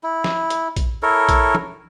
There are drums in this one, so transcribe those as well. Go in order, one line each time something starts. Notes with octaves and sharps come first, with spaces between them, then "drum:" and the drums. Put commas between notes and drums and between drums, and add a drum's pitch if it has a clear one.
E4
drum: snare
drum: hi-hat
drum: kick A#1, hi-hat
E4 A4 A#4 C#5
drum: kick A#1, hi-hat
drum: tom